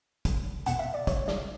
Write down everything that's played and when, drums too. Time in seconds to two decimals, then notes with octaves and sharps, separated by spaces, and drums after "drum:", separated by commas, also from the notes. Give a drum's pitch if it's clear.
0.25 drum: kick, hi-hat
0.66 E2 B2 F#5, drum: hi-hat
0.79 E5
0.94 D5
1.07 C#5, drum: kick, hi-hat
1.28 D5, drum: snare